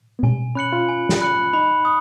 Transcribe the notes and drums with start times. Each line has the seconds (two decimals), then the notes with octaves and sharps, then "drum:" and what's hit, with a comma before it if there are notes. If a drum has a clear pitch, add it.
0.19 B3
0.23 C#4 G#5, drum: tom B2
0.55 C#4 B5 F#6 C#7 F#7
0.73 F4
0.89 G#5
1.09 drum: snare
1.21 B5 F#6 C#7 F#7
1.53 D#4 B5
1.85 D#6